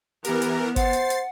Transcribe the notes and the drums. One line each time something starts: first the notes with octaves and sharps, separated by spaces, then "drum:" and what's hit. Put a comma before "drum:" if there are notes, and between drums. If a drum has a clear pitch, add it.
E3 B3 G4 A#4, drum: hi-hat
drum: hi-hat
C5 F#5 A6 C7, drum: kick G1, hi-hat
drum: hi-hat
drum: hi-hat